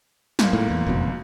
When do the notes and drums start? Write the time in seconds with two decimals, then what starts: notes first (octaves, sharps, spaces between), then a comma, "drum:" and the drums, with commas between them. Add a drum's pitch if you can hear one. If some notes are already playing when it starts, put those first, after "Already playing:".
0.39 C#2 G#2 A#3, drum: snare
0.53 A2
0.70 E2
0.86 F#1 F2 B2